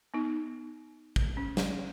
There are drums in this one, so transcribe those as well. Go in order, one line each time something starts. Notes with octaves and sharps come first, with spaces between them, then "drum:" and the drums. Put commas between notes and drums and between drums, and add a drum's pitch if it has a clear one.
B3 D#4
drum: kick
C#4
drum: snare